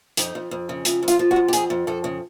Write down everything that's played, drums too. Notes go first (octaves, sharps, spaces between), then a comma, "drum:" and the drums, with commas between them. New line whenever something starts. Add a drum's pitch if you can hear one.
F2 D#4, drum: hi-hat
F2
F2
C#3
F2 E4, drum: hi-hat
F2
F4, drum: hi-hat
F3
F#4
F2
G4
F2 G#4, drum: hi-hat
F2
F2 A4
C#3